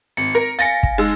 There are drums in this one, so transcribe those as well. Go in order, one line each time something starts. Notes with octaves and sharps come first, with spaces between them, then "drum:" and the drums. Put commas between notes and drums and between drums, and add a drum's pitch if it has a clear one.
G#1 C#7
A#4
F5 G#5 A6 A#6 C#7, drum: hi-hat
drum: kick
G#3 D#4 E6